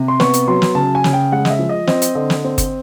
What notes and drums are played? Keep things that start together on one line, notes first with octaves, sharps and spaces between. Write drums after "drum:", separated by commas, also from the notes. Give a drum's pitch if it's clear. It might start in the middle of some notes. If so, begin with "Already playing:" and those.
Already playing: C3
C6
B3 C#6, drum: snare
drum: hi-hat
F#3 C6
drum: snare
C#3 A5
G#5
C#3, drum: snare
G5
G#3 F#5
D#5, drum: snare
E5
F3
D#5
C4 D#5, drum: snare
drum: hi-hat
D3 D#5
drum: snare
C4
drum: kick G1, hi-hat